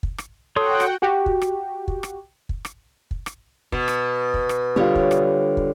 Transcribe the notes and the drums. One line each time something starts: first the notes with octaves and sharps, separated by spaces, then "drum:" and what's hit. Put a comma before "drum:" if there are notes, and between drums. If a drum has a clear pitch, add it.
drum: kick
drum: rim click
F#4 A4 C#5 F#5 G5 C6 D#6
drum: rim click
F#4 G4 G5
drum: kick
drum: rim click
drum: kick
drum: rim click
drum: kick
drum: rim click
drum: kick
drum: rim click
B2, drum: kick
drum: rim click
drum: kick
drum: rim click
D3 G3 F4 G4 C#5
drum: kick
drum: rim click
drum: kick